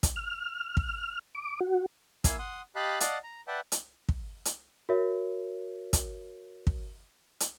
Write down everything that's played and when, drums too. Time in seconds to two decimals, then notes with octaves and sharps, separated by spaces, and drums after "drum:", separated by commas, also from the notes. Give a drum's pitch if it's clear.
0.03 drum: kick, hi-hat
0.16 F6
0.77 drum: kick
1.35 D6
1.60 F#4
2.24 A#3 E4 F5 G#5 E6, drum: kick, hi-hat
2.39 F#5 C6 D#6
2.76 G4 D#5 F5 A5 B5 F#6
3.00 D5 D#5 F5 F#5 A5, drum: hi-hat
3.24 A#5
3.47 B4 D5 E5 F#5 G5 A5
3.72 drum: hi-hat
4.09 drum: kick
4.45 drum: hi-hat
4.89 F#4 A#4 C#5 E5
5.93 drum: kick, hi-hat
6.67 drum: kick
7.40 drum: hi-hat